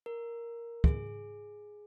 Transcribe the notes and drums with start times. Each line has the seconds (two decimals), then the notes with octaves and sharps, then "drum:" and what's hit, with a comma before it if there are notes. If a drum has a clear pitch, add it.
0.06 A#4
0.84 G#4, drum: kick